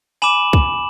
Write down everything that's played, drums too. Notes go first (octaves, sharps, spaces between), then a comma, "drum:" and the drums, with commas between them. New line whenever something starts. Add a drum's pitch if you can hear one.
G#5 B5 D6 E7 F#7
drum: kick C2